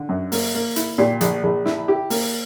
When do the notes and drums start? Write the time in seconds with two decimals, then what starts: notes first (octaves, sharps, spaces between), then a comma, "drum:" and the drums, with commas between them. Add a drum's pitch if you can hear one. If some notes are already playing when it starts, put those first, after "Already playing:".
Already playing: D3
0.09 F#2
0.32 A#3, drum: open hi-hat
0.55 A#3
0.76 E4, drum: hi-hat
0.98 A#2 G4
1.21 A#1, drum: hi-hat
1.43 A#1
1.65 E4, drum: snare
1.88 E4 G4
2.10 A#3, drum: open hi-hat